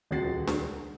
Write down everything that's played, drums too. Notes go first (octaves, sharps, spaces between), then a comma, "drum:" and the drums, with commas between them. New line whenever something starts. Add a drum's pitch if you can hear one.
D#1 C#2 G#3 F#4 A6 C7
drum: snare D4